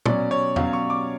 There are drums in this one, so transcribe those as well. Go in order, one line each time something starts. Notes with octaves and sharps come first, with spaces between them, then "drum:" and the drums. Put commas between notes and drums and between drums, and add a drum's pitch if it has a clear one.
B2 F#3 C#4 D5, drum: tom
C#5
B2 F#3 C#4 F5, drum: tom E2
C#6
D6